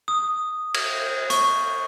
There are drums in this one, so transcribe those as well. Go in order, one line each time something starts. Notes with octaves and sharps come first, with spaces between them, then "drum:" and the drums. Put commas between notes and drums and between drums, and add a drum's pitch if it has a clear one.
D#6
drum: cymbal
C#6, drum: hi-hat